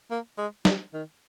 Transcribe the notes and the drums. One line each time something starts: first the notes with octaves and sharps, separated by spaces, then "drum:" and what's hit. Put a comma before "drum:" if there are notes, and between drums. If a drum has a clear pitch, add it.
A#3
G#3
G3, drum: snare
D#3